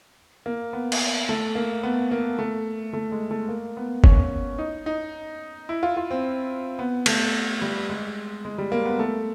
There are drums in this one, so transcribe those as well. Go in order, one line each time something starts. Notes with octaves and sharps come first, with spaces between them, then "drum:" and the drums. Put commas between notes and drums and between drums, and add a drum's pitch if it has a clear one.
A#3
B3
drum: cymbal
A3
A#3
B3
A#3
A3
A3
G#3
A3
A#3
B3
C#4, drum: kick G1
D#4
D#4
E4
F4
F4
C4
B3
A3, drum: cymbal
G3
G#3
G#3
G3
A#3
B3
A3